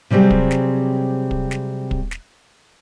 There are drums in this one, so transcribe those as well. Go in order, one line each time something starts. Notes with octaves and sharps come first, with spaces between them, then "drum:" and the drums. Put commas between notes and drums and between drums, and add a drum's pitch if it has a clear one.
C3 F#3 G3 C4 G#4
drum: kick
drum: snare
drum: kick
drum: snare
drum: kick
drum: snare